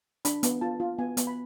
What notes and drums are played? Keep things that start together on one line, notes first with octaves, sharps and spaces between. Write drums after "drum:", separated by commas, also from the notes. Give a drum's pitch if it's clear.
D4 B5, drum: hi-hat
B3, drum: hi-hat
F4 A5
F4
B3 G#5
B3, drum: hi-hat
B5